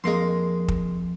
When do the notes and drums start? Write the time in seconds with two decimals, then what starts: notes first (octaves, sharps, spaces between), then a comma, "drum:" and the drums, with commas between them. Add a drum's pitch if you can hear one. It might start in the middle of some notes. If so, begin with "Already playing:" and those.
0.04 F2 G#3 A#3 C6
0.68 drum: kick